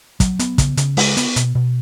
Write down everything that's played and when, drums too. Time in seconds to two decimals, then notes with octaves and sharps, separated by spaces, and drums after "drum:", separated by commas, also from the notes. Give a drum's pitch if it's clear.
0.20 F#3, drum: kick, hi-hat
0.39 B3, drum: hi-hat
0.58 C#3, drum: kick, hi-hat
0.77 C#3, drum: hi-hat
0.97 G#3, drum: open hi-hat
1.17 B3, drum: hi-hat
1.36 B2, drum: hi-hat
1.55 B2